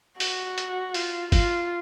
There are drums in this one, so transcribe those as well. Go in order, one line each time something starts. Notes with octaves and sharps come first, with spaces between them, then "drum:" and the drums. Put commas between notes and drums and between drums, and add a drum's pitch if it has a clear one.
F#4, drum: open hi-hat
drum: hi-hat
F4, drum: open hi-hat
F4, drum: kick G#1, open hi-hat